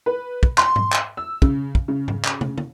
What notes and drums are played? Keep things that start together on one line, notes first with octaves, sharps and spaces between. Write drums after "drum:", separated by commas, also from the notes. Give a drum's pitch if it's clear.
B4
drum: kick
C6, drum: clap
drum: tom G#2
drum: clap
E6
C#3, drum: kick
drum: kick
C#3
drum: tom G#2
drum: clap
drum: tom
drum: tom